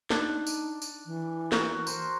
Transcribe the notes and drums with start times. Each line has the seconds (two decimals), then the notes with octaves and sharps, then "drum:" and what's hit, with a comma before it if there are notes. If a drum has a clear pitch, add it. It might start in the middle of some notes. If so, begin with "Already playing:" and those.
0.10 D4 D#4 D5, drum: snare
0.47 drum: tambourine
0.82 drum: tambourine
1.06 E3
1.52 F#4 A#4, drum: snare
1.87 C5, drum: tambourine